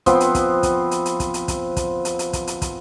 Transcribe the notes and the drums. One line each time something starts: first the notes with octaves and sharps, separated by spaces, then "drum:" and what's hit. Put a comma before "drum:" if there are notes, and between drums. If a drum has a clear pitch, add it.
F3 B3 C4, drum: kick, hi-hat
drum: hi-hat
drum: kick, hi-hat
drum: kick, hi-hat
drum: hi-hat
drum: hi-hat
drum: kick, hi-hat
drum: hi-hat
drum: kick, hi-hat
drum: kick, hi-hat
drum: hi-hat
drum: hi-hat
drum: kick, hi-hat
drum: hi-hat
drum: kick, hi-hat